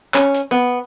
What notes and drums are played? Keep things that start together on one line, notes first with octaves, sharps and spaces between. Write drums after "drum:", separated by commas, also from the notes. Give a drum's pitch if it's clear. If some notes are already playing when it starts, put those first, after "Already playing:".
C#4, drum: clap
drum: hi-hat
B3